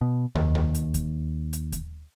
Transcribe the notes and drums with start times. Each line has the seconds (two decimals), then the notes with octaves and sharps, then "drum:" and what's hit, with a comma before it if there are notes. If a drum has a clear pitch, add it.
0.01 B2
0.35 D#2, drum: tom
0.55 drum: tom
0.74 drum: hi-hat
0.94 drum: kick D#2, hi-hat
1.53 drum: hi-hat
1.72 drum: kick D#2, hi-hat